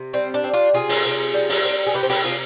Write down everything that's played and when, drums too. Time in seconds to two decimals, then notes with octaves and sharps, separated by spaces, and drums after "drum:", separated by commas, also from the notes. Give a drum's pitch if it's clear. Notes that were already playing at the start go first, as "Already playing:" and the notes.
Already playing: C3
0.13 G3 C4
0.34 D4
0.44 C4
0.54 D4 F4
0.74 C3 F4 G#4
0.89 drum: open hi-hat
1.04 C3
1.34 G3
1.49 drum: open hi-hat
1.65 C4
1.87 G#4
1.94 C3 G4 B4
2.03 C5
2.10 G4 B4, drum: open hi-hat
2.24 C3 F4 G#4